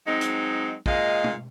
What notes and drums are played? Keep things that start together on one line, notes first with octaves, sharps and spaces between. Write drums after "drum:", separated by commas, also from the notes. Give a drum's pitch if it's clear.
F#3 G#3 C4 D#4
drum: hi-hat
A#2 G#3 D#5 F5, drum: kick
drum: tom